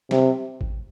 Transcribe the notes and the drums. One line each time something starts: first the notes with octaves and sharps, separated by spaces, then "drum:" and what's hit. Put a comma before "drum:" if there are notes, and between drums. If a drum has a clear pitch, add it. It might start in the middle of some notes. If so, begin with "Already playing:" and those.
C3, drum: snare
drum: kick